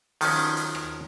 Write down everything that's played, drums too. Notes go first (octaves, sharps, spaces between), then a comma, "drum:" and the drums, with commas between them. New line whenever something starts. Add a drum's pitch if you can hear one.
D#3 F3 F#3 C#4, drum: open hi-hat
drum: hi-hat
drum: rim click